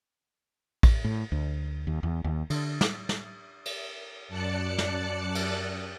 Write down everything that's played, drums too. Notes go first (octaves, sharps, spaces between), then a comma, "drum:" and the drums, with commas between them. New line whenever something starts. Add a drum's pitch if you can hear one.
drum: kick A1, cymbal
A2
D2
D#2
E2
D#2
D3, drum: cymbal
drum: snare
drum: snare
drum: cymbal
F#2 D5 A5 F#6 C#7
drum: snare
drum: cymbal